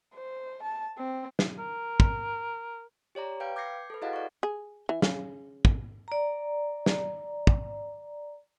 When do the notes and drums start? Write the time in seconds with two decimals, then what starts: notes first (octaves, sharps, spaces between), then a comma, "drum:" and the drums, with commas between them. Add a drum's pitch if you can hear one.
0.14 C5
0.63 A5
0.98 C4
1.39 drum: snare
1.59 A#4
2.00 drum: kick
3.15 G4 C#5 D5 A#5
3.40 B4 F5 G5 G6 D7
3.56 D6 G6 G#6 A#6 C7 C#7
3.90 A4 B4
4.02 E4 F#4 G#4 D#5 F5 F#5
4.13 D5 C#6
4.43 G#4
4.89 E3
5.02 C#3, drum: snare
5.65 drum: kick
6.08 D5 A#5
6.86 drum: snare
7.47 drum: kick